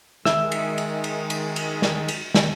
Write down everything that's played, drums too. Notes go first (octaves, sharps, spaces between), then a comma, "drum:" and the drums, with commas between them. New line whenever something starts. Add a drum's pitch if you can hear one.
D#3 G#3 E5 E6, drum: snare
drum: cymbal
drum: cymbal
drum: cymbal
drum: cymbal
drum: cymbal
drum: snare
drum: cymbal
drum: snare